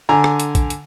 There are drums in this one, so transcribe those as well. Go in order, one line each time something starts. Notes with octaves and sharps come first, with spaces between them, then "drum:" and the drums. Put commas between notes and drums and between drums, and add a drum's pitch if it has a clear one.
D3 G#5 A#5
drum: rim click
drum: hi-hat
drum: kick, hi-hat
drum: hi-hat